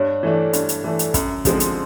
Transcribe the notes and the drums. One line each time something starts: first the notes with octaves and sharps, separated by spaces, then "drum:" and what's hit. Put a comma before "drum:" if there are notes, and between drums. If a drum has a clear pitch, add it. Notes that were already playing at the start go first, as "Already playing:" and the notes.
Already playing: G2 C#5
E3 A3 D4
G2, drum: hi-hat
drum: hi-hat
E3 A3 D4
drum: hi-hat
F#2, drum: kick, hi-hat
D3 F3 G#3 C4, drum: kick, hi-hat
drum: hi-hat